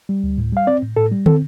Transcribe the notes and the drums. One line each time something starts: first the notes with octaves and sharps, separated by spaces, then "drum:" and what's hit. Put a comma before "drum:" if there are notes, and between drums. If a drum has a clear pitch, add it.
G3
D2
A2
G3 F5
C4 D5
A2
A2 A4
G3
C4 A4, drum: tom